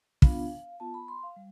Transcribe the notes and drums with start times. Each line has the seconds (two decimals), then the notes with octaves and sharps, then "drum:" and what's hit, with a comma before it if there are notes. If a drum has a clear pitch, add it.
0.22 B3 D4 F4 F5, drum: kick
0.80 B3 F4 A5
0.94 B5
1.08 C6
1.23 F5
1.36 G3